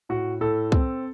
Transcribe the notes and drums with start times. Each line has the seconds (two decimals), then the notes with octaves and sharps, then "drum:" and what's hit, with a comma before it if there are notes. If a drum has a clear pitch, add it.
0.09 A2 F#4
0.41 A2 A4
0.72 C4, drum: kick